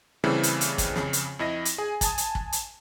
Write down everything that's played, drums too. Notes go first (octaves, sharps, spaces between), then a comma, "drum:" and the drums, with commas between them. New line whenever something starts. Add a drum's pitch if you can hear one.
C#3 E3 G3 A3 C4 E4
drum: hi-hat
drum: hi-hat
drum: kick, hi-hat
F2 C#3, drum: snare
drum: hi-hat
F2 E4 D#5 A#6
drum: hi-hat
G#4 G#5
G#5 A5 D#6, drum: kick, hi-hat
drum: hi-hat
drum: kick
drum: hi-hat